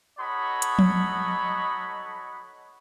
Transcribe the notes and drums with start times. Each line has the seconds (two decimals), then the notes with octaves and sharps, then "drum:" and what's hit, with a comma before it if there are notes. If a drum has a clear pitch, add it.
0.19 D#4 F#4 A4 C#5 D#5 B5
0.62 drum: hi-hat
0.79 drum: tom F3